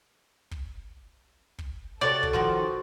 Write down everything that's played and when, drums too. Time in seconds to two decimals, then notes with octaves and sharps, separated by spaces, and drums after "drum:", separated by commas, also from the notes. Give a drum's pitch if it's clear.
0.51 drum: kick
1.59 drum: kick
2.01 C3 F#4 A4 C#5 D5
2.23 drum: kick
2.33 D#3 F3 F#4 C5 C#5